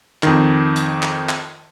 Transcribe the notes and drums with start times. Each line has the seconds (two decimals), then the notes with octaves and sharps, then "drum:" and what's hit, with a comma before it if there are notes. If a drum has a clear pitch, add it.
0.23 F2 D#3, drum: clap
0.76 drum: hi-hat
1.02 drum: clap
1.29 drum: clap